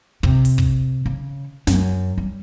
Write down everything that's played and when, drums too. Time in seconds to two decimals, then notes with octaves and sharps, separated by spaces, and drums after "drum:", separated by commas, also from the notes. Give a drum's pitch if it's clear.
0.23 C3, drum: kick
0.45 drum: open hi-hat
0.58 drum: kick
1.06 C#3
1.67 F#2, drum: snare
2.18 G3